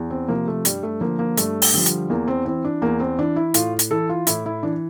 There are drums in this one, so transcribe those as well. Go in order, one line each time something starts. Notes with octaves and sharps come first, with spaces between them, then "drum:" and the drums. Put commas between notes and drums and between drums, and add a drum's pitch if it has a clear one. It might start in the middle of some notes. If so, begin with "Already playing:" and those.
Already playing: E2
C4
C3 F3 A#3
A3
G2 G3, drum: hi-hat
A3
D3 F3 A#3
A#3
G2 A3, drum: hi-hat
drum: open hi-hat
D3 F3 G3
drum: hi-hat
E2 A#3
C4
E3 C4
D4
E2 A#3
C4
E3 D4
E4
A2 F4, drum: hi-hat
drum: hi-hat
E3 A4
F4
A2 E4, drum: hi-hat
E4
E3 D4